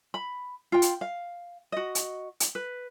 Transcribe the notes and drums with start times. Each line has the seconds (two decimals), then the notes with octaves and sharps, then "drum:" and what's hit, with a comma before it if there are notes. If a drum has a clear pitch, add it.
0.14 B5
0.72 F4 G5
0.82 drum: hi-hat
1.01 F5
1.72 F#4 D#5
1.95 drum: hi-hat
2.40 drum: hi-hat
2.55 B4